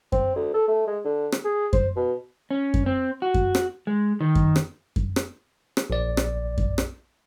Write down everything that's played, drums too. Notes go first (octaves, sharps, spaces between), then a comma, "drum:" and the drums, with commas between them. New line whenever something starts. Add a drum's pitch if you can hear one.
C4, drum: kick F#2
D2
A4
A3
G#3
D3
drum: rim click
G#4
C5, drum: kick F#2
B2
C#4
drum: kick F#2
C4
F#4
drum: kick F#2
drum: rim click
G#3
D#3
drum: kick F#2
drum: rim click
drum: kick F#2
drum: rim click
drum: rim click
A#1 D5
drum: rim click
drum: kick F#2
drum: rim click